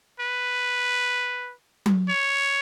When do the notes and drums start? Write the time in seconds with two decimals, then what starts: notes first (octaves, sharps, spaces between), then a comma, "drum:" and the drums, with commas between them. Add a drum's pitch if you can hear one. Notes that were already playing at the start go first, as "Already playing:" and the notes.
0.20 B4
1.86 drum: tom F#3
2.09 C#5